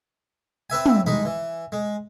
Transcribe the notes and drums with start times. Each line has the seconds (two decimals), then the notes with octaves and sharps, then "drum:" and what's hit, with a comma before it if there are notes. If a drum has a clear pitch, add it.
0.70 C4 B4 E5 G#5
0.86 drum: tom
1.06 C2 G#3 D#4 B5
1.25 E3
1.72 G#3